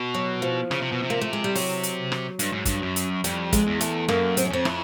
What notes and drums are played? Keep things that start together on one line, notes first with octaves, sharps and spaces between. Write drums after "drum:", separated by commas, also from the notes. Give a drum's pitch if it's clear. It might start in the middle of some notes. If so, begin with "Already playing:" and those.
Already playing: B2
F#3
F3
C#3, drum: rim click
C3
B2
C3
A#3
A3
G#3
G3
F#3, drum: open hi-hat
drum: hi-hat
drum: rim click
G2, drum: hi-hat
G#2
G2, drum: kick, hi-hat
F#2
drum: hi-hat
F2 G3, drum: hi-hat
G#3, drum: kick, hi-hat
E2
A3, drum: hi-hat
F#2 A#3, drum: rim click
C4, drum: hi-hat
C#4
F2 C4
E4, drum: rim click